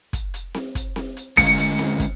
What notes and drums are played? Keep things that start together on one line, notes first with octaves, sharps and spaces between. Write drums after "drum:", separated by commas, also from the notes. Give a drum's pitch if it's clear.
drum: kick, hi-hat
drum: hi-hat
drum: snare C4
drum: kick, hi-hat
drum: snare C4
drum: hi-hat
D3 G#3 C#4 C#7, drum: kick, hi-hat
drum: hi-hat
drum: snare C4
drum: kick, hi-hat